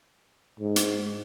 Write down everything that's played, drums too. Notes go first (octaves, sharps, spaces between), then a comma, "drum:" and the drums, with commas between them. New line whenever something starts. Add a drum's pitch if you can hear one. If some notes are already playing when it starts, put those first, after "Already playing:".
G#2
drum: hi-hat